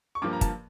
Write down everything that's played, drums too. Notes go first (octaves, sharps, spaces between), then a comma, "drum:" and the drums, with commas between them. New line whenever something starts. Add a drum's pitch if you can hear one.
C#6
G2 F3 A#3 D6
A#5
A5, drum: kick, hi-hat